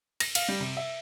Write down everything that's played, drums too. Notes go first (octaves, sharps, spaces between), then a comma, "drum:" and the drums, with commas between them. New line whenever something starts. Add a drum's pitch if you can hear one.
A#6, drum: cymbal
F5, drum: cymbal
G3
C3
E5